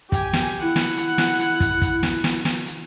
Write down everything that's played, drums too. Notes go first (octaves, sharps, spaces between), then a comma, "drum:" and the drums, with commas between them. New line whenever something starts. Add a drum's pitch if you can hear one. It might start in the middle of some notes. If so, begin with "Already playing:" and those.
G4 G#5, drum: kick, hi-hat
drum: snare
E4 F#5
drum: snare
drum: hi-hat
drum: snare
drum: hi-hat
drum: kick, hi-hat
drum: kick, hi-hat
drum: snare
drum: snare
drum: snare
drum: hi-hat